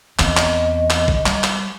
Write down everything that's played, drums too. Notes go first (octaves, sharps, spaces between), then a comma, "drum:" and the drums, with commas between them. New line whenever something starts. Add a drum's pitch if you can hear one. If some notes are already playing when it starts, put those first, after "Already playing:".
E2 C4 D#5, drum: clap
drum: clap
drum: clap
drum: kick
G3, drum: clap
drum: clap